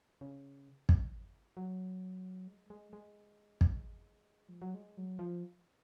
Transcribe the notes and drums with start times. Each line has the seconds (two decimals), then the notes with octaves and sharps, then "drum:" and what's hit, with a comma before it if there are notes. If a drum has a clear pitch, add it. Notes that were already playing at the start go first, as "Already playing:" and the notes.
0.21 C#3
0.89 drum: kick
1.57 F#3
2.47 G#3
2.70 G#3
2.93 G#3
3.61 drum: kick
4.49 F3
4.62 F#3
4.74 G#3
4.97 F#3
5.19 F3